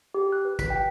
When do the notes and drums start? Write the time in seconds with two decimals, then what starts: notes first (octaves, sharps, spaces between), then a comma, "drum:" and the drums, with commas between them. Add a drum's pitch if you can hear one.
0.14 G4
0.32 F#6
0.45 B4
0.59 B6, drum: kick, tambourine
0.70 G5